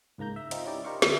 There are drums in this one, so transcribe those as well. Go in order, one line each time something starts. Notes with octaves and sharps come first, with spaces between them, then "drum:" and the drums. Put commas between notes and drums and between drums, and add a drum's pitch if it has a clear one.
C#2 G#2 A#3 A#5 G6
E5
C4 D#4 F4, drum: hi-hat
C#4 D#4 E4 G4 D5
D#4 G4 A#4 C5 F5 C#6
D2 B2 F#3 A3 E5, drum: snare